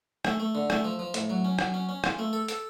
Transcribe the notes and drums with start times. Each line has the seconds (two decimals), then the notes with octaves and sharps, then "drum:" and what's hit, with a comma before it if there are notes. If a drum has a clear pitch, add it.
0.25 A3, drum: rim click
0.40 A3
0.55 D3
0.70 A3, drum: rim click
0.84 F3
0.99 F3
1.14 A2, drum: hi-hat
1.30 F#3
1.44 C#4
1.59 F#3, drum: rim click
1.74 C#4
1.89 C#4
2.04 F4, drum: rim click
2.19 A3
2.33 A4
2.48 A4, drum: hi-hat